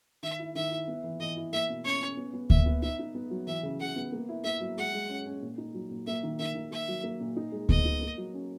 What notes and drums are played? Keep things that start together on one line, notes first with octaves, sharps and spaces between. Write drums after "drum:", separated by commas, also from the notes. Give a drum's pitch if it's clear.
D#3 E5
E4
D#3 E5
E4
B3
E3
E3 D#5
E4
A#3 E5
B2
C#4 C#5
C#4
B3
B3
A#2 E5, drum: kick D2
B3
D#4 E5
D#4
B3
F#3
E3 E5
C#3
C#3 F#5
B3
A#3
E4
A#3 E5
F#3
G#3 F#5
G#3
C#4
C#4
A#2
D#4
F#3
A#2
A#3 E5
D#3
D#3 E5
D#3
A#3 E5
F#3
A#3
A#2
D#4
G#3
B3 D#5, drum: kick D2
D#4
A#3
F#3
C#4